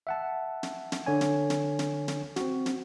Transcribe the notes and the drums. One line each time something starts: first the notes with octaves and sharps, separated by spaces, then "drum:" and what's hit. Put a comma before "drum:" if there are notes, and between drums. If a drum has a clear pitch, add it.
E5 F#5 A5
drum: snare
drum: snare
D3 C#5 G#5
drum: snare
drum: snare
drum: snare
drum: snare
C4 F#4, drum: snare
drum: snare